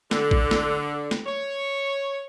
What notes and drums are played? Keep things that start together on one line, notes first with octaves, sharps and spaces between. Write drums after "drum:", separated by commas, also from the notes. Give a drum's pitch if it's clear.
D3, drum: snare
drum: kick A1
drum: snare
drum: snare
C#5